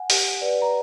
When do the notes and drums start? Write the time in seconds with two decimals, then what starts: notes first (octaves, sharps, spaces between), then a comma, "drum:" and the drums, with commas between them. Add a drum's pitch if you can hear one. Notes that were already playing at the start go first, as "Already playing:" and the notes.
Already playing: F#5 G#5
0.10 G4, drum: open hi-hat
0.41 B4 D5
0.62 A#5